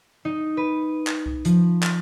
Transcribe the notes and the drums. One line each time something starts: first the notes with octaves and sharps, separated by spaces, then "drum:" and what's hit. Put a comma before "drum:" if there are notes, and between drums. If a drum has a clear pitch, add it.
D#4
B4
drum: clap
drum: kick C2
F3, drum: hi-hat
drum: clap